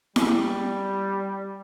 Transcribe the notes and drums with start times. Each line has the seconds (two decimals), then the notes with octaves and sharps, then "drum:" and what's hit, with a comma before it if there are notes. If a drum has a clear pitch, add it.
0.16 G3, drum: snare E4